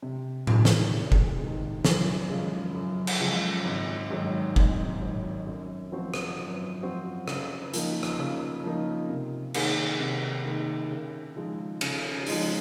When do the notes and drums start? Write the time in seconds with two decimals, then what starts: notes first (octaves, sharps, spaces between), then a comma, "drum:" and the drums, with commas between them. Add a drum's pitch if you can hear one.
0.02 C3
0.47 D#3 G#3, drum: tom A2
0.65 drum: snare
0.93 C3
1.12 drum: kick
1.39 D#3 G#3
1.85 F#2, drum: snare
2.29 C#3 F3 G#3
2.74 F#2
3.07 drum: cymbal
3.20 C#3 F3 G#3
3.65 G#1
4.10 G#2 D#3 F#3
4.56 G#1, drum: kick
5.01 G#2 D#3 F#3
5.46 F#2
5.92 F3 C4 F#4 C5
6.14 drum: rim click
6.37 F#2
6.83 F3 C4 F#4 C5
7.28 C#3, drum: rim click
7.74 F3 A#3 D#4, drum: hi-hat
8.03 drum: rim click
8.19 C#3
8.64 F3 A#3 D#4
9.09 C3
9.54 D#3 A#3 D#4 G#4, drum: cymbal
10.00 C3
10.45 D#3 A#3 D#4 G#4
10.90 C#3
11.36 F3 G#3 D#4
11.81 C#3, drum: cymbal
12.27 F3 G#3 D#4, drum: open hi-hat